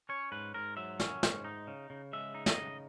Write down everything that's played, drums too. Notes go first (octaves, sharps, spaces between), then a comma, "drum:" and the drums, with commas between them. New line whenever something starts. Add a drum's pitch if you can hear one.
C#4 C#5
G#2 B4
G#2 A#4
F#3 E5
C#4, drum: snare
G#2, drum: snare
D#4
C#3
C#3
G#3 E5
D#4
D#5, drum: snare
C#3